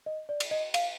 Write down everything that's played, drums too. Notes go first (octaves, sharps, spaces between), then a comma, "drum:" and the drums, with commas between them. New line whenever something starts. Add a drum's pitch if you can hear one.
D#5
D5
drum: cymbal
D#5
F5, drum: cymbal